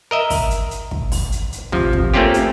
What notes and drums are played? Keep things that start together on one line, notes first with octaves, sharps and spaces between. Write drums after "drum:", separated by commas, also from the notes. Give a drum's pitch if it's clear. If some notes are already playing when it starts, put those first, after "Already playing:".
A#4 D#5 E5
drum: kick, open hi-hat
drum: hi-hat
drum: hi-hat
drum: kick
drum: kick, open hi-hat
drum: hi-hat
drum: hi-hat
C3 F3, drum: kick
drum: kick
A3 A#3 C4 C#4 F4 G4
drum: hi-hat